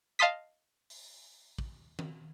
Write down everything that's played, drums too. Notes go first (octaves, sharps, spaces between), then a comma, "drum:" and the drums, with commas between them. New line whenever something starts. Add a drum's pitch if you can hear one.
D#5 F5 A5 C6 D#6 B6
drum: open hi-hat
drum: kick
drum: tom D#3